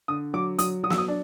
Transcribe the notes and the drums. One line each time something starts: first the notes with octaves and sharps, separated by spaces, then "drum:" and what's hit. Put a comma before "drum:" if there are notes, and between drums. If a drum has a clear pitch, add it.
D3 D#6
F#3 D6
F#3 D#6, drum: hi-hat
F#3 D#6
E6, drum: snare
D#6
D4